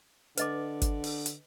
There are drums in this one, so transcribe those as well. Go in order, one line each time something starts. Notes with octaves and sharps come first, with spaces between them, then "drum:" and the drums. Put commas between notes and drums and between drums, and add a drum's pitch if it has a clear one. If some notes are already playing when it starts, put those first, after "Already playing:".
D3 B4 D#5 D6, drum: hi-hat
drum: kick G#1, hi-hat
drum: open hi-hat
drum: hi-hat